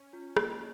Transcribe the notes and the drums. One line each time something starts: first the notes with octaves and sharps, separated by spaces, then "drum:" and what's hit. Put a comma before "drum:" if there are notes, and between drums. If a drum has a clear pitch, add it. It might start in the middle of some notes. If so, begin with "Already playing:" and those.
Already playing: C#4
F4
A#3, drum: rim click